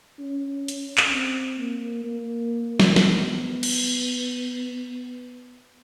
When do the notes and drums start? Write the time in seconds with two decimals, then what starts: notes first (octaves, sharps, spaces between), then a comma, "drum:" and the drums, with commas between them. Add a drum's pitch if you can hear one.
0.19 C#4
0.68 drum: hi-hat
0.98 drum: clap
1.12 C4
1.59 A#3
2.05 A#3
2.80 drum: snare
2.96 B3, drum: snare
3.63 drum: cymbal